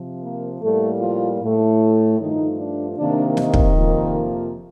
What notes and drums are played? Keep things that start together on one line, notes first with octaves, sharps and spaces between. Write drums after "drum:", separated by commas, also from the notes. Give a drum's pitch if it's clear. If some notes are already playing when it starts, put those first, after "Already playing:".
Already playing: C3 F3
A#3 A#4
A2 G3 A3 A#3 A4
F3 F4
A2 A3
G2 D#3 F3 A3 D#4
D4
C3 D#3 A#3 D4
D#3 D#4, drum: snare
drum: kick
F2 C3 F3 A#3